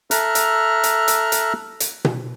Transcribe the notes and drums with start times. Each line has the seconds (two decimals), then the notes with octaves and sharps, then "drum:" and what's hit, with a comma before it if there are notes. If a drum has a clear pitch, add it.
0.11 A4 E5 A#5 F6 F#6, drum: hi-hat
0.35 drum: hi-hat
0.83 drum: hi-hat
1.08 drum: hi-hat
1.32 drum: hi-hat
1.80 drum: hi-hat
2.05 drum: tom B2